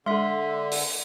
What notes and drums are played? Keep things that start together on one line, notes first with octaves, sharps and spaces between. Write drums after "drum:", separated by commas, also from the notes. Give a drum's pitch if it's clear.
D3 G#3 A4 E5 C6
drum: open hi-hat